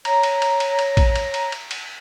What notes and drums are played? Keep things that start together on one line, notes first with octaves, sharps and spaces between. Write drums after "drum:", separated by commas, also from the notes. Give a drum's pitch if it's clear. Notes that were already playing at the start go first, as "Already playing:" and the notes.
C#5 A#5, drum: cymbal
drum: cymbal
drum: cymbal
drum: cymbal
drum: cymbal
drum: kick, cymbal
drum: cymbal
drum: cymbal
drum: cymbal
drum: cymbal